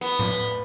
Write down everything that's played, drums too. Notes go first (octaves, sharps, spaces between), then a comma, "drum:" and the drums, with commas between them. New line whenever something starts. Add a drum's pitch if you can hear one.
B3, drum: hi-hat
drum: tom A2